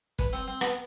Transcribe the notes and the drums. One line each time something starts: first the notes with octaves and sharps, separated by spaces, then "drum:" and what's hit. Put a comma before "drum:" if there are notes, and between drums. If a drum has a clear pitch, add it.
B4, drum: kick, hi-hat
C4, drum: hi-hat
C4
B3, drum: rim click